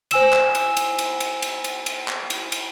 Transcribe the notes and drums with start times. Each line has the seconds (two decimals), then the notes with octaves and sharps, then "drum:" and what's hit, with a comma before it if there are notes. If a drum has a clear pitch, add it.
0.11 C5 G#5 E6 E7, drum: cymbal
0.33 drum: clap
0.55 drum: cymbal
0.77 drum: cymbal
0.99 drum: cymbal
1.20 drum: cymbal
1.42 drum: cymbal
1.64 drum: cymbal
1.86 drum: cymbal
2.08 drum: clap
2.30 drum: cymbal
2.52 drum: cymbal